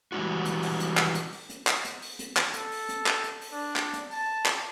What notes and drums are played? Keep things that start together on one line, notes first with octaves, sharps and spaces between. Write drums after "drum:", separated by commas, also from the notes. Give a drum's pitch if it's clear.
E3 G3 G#3 C#4 F4 F#4
drum: hi-hat
drum: open hi-hat
drum: hi-hat
drum: clap
drum: hi-hat
drum: open hi-hat
drum: hi-hat
drum: clap
drum: hi-hat
drum: open hi-hat
drum: hi-hat
drum: clap
A4, drum: hi-hat
drum: open hi-hat
drum: hi-hat
drum: clap
drum: hi-hat
drum: open hi-hat
D4
drum: clap
drum: hi-hat
A5, drum: open hi-hat
drum: clap